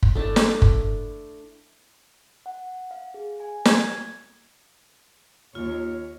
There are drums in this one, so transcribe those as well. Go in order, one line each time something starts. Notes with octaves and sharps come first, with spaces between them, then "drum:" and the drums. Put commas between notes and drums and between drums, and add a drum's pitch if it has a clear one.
drum: kick
A3 D4 E4 A5
drum: snare
drum: kick
F#5
F5
G#4
G#5
G#6, drum: snare
D#2 F4 C#5